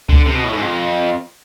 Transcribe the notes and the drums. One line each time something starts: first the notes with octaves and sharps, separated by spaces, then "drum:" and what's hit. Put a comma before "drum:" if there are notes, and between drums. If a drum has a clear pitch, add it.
D3, drum: kick C#2
C3
B2
A2
G#2
F2